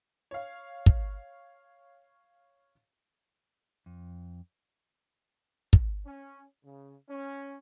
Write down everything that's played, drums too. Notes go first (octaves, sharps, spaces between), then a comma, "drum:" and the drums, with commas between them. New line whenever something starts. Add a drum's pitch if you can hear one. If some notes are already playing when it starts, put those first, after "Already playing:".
C#5 F5
drum: kick
F2
drum: kick
C#4
C#3
C#4